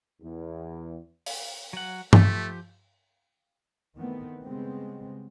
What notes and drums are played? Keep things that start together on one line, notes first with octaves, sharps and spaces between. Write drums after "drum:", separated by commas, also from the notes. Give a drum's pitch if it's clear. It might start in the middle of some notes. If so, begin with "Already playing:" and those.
E2
drum: open hi-hat
F#3 F#5
F3 A3 G4, drum: tom G2
D#3 E3 A3 B3 C4
C#3 G3 G#3 B3 C4